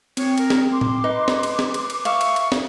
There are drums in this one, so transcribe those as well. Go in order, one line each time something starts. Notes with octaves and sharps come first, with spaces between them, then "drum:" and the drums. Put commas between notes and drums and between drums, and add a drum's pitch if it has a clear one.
C4 C#5, drum: cymbal
A#4, drum: cymbal
drum: snare
C6 D6
drum: tom A2
D#4 B4
drum: snare
drum: cymbal
drum: snare
drum: cymbal
drum: cymbal
E5 F5 C#6, drum: cymbal
drum: cymbal
drum: cymbal
drum: snare